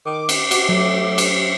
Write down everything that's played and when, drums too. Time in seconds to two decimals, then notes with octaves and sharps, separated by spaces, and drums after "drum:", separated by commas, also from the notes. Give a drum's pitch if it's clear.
0.05 D#3 D6
0.29 drum: cymbal
0.51 F#4, drum: cymbal
0.69 F#3 A3
1.18 drum: cymbal